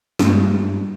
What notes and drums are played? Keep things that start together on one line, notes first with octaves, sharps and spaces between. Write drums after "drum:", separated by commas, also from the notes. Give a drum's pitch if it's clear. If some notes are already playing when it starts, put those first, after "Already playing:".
G2, drum: snare